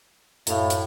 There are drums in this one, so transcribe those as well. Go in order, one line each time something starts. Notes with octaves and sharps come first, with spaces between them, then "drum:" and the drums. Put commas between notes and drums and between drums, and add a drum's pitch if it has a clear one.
F#2 A2 F5, drum: hi-hat
drum: hi-hat